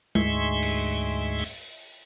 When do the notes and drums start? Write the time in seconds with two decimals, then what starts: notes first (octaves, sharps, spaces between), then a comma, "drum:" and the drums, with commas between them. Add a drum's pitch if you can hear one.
0.15 D2 G#2 G#3 E5 C6 C#6, drum: tom G#3
0.63 drum: cymbal
1.39 drum: open hi-hat